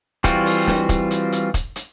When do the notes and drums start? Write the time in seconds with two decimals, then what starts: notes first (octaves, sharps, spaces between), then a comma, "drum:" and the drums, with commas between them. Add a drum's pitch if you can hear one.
0.24 E3 G3 C4 F4 F#4, drum: kick E1, hi-hat
0.46 drum: open hi-hat
0.67 drum: snare
0.89 drum: kick E1, hi-hat
1.11 drum: hi-hat
1.32 drum: hi-hat
1.54 drum: kick E1, hi-hat
1.76 drum: hi-hat